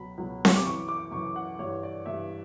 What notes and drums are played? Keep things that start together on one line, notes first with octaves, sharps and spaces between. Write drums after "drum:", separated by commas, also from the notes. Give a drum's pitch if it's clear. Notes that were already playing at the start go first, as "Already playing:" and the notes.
Already playing: C#2 B2 F#3 B5
C#2 B2 F#3
drum: snare C4
D6
F#2 E3 C#6
D6
F#2 E3 C#6
F#5
G2 E3 C#5
D5
G2 E3 E5